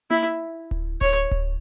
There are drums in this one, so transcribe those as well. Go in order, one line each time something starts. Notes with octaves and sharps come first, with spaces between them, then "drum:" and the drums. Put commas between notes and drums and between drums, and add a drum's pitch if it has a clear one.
E4, drum: tom A#3
drum: kick D1
C#5, drum: kick D1
drum: kick D1